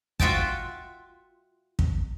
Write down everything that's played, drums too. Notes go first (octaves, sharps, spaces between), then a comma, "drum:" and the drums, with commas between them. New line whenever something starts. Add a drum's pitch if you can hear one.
F4 F#4 E5 G5 A5, drum: kick
drum: kick